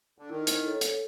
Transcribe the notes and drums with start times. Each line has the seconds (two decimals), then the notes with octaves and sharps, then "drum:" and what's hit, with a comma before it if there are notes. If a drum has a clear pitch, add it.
0.18 D3
0.29 D#3 E4
0.47 drum: hi-hat
0.65 A4 C#5
0.81 drum: hi-hat